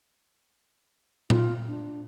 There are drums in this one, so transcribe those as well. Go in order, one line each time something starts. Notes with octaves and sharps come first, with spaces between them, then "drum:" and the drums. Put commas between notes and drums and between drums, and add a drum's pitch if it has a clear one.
F4, drum: tom A#2
D4